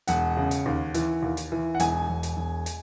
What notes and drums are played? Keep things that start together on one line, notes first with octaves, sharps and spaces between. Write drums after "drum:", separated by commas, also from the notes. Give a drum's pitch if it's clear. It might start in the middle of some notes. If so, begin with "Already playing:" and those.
E1 F#5, drum: hi-hat
C#3
drum: hi-hat
D#2
E3, drum: hi-hat
D#2
drum: hi-hat
E3
F#5
E1 G#5, drum: hi-hat
E1
drum: hi-hat
E1
drum: hi-hat